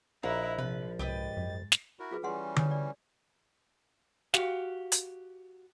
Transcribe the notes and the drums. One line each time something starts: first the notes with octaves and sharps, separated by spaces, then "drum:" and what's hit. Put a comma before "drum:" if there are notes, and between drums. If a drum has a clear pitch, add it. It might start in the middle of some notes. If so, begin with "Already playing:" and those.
A#1 D#4 E4 F5 A#5 F#6
C3 F3 B4
C2 G#2 G4 B4 D#5 A6
F#2
drum: snare
E4 F#4 A#4
F4 G#4 B4
E3 G3 C#4 G#4 F#5 C6
C#5 D#6, drum: tom D3
D5
F#4 G4 F5, drum: snare
drum: hi-hat